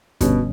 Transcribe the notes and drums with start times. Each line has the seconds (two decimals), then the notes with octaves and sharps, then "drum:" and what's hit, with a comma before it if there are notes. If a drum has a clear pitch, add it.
0.21 G2 B2 D3 G3 C#4, drum: kick, hi-hat